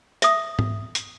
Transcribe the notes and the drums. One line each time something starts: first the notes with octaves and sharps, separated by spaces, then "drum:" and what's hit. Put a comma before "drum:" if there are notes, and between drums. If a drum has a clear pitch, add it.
E5 D#6, drum: hi-hat
drum: tom G#2
drum: hi-hat